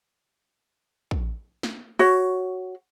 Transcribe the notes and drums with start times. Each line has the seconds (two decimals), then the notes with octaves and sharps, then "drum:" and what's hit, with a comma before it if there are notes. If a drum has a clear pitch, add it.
1.11 drum: kick
1.63 drum: snare
1.99 F#4 C#5, drum: open hi-hat